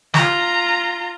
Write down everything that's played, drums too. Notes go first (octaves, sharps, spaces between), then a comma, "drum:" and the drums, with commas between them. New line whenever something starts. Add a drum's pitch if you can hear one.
F4 A#5, drum: snare